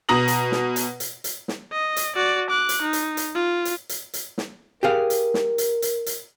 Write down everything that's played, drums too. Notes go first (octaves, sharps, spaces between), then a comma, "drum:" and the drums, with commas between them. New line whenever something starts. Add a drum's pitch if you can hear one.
B2 A#5 D#6 A#6 F#7
drum: hi-hat
drum: snare
drum: hi-hat
drum: hi-hat
drum: hi-hat
drum: snare
D#5
drum: hi-hat
F#4 D5
D6 F#6
drum: hi-hat
D#4
drum: hi-hat
drum: hi-hat
F4
drum: hi-hat
drum: hi-hat
drum: hi-hat
drum: snare
G4 G#4 A#4 F5
drum: hi-hat
drum: snare
drum: hi-hat
drum: hi-hat
drum: hi-hat